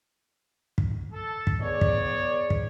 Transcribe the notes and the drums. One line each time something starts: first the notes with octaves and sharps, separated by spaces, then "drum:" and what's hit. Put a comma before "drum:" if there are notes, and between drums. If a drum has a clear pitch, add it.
drum: kick
A4
drum: kick
B3 G#4 C#5 D5
drum: kick
drum: kick